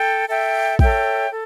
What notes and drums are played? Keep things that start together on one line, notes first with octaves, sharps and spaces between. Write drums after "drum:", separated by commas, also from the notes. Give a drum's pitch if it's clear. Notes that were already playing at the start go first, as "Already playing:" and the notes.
Already playing: A4 G5
A4 E5 G5
A4 C#5 E5 G5, drum: kick
A4